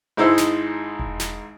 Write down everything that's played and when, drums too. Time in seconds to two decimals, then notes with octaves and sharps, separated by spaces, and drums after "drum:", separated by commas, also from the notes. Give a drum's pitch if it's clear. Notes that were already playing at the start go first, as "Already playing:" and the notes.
0.17 G#1 G#3 D#4 E4 C5 E6
0.38 drum: snare
0.99 drum: kick E1
1.20 drum: snare